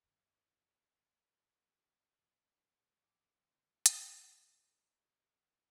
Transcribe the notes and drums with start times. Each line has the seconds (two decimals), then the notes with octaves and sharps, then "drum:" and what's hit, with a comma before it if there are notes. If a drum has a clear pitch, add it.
0.03 F#2 D3
3.02 A2 F3 D6
3.34 C#3 E3 G3 C4
3.86 D#3 G#4 A#5, drum: hi-hat